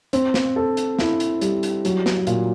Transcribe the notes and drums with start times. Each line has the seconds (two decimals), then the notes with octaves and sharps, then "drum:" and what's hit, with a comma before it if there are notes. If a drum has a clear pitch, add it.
0.13 C4, drum: hi-hat
0.34 drum: snare
0.56 A4
0.77 drum: hi-hat
0.99 E4, drum: snare
1.20 drum: hi-hat
1.41 G3, drum: hi-hat
1.63 drum: hi-hat
1.85 F#3, drum: hi-hat
2.06 drum: snare
2.27 A#2, drum: hi-hat